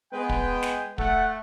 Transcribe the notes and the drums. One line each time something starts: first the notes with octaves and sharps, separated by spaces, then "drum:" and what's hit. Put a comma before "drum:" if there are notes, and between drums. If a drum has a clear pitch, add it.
G#3 B3 B4 G5
drum: kick
drum: snare
A3 F#5, drum: kick